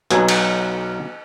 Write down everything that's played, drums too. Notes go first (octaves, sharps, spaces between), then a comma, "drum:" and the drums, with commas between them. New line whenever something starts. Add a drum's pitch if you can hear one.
B1 B2 F#3 B3 G#5, drum: hi-hat
drum: cymbal